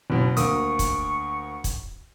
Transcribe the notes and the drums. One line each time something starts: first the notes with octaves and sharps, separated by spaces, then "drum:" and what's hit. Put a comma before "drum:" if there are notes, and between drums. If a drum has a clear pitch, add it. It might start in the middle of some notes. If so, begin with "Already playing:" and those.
F#1 B2
D2 A#3 C#6 D#6, drum: hi-hat
drum: kick, hi-hat
drum: kick, hi-hat